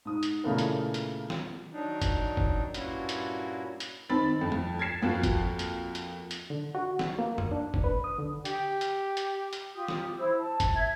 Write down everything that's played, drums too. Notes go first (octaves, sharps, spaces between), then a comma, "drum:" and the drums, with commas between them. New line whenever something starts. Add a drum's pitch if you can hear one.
G#2 D#6
drum: hi-hat
A#2 C#3 E3 A3 B3 A#4
drum: hi-hat
drum: hi-hat
drum: snare
D#3 F#3 D4 D#4
drum: kick, hi-hat
drum: kick
G2 A#2 A#3 C#4 E4 F#4, drum: hi-hat
drum: hi-hat
drum: hi-hat
D#3 C4 B5 A6
F2
drum: tom
G#6 A6 B6 C7 E7
F2 A#3 F4 F#4
drum: kick, hi-hat
drum: hi-hat
drum: hi-hat
drum: hi-hat
D3
F#4
F#4, drum: snare
A#3
drum: tom
D4
drum: kick
B4
D#6
D3
G4, drum: hi-hat
drum: hi-hat
drum: hi-hat
drum: hi-hat
F4 G4 D#6
drum: snare
E4 C5 E6
A5
drum: kick, hi-hat
E5 G#6